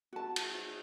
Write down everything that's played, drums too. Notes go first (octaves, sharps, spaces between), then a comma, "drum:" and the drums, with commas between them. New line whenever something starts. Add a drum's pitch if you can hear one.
F#4 A5
drum: cymbal